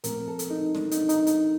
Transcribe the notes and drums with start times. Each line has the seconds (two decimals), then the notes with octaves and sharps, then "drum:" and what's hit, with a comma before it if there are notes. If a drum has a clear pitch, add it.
0.04 A#2 F3 A3 C4 A#4, drum: hi-hat
0.28 A4
0.39 drum: hi-hat
0.50 D#4
0.75 D4, drum: snare
0.91 D#4, drum: hi-hat
1.09 D#4, drum: hi-hat
1.27 D#4, drum: hi-hat